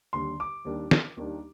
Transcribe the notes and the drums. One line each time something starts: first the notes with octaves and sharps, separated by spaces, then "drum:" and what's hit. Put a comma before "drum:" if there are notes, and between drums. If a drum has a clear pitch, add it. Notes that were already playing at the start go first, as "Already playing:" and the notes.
D#2 D3 G3 C6
D6
D#2 D#3 G3 A#3 D4
drum: snare
D#2 D#3 G3 A#3 D4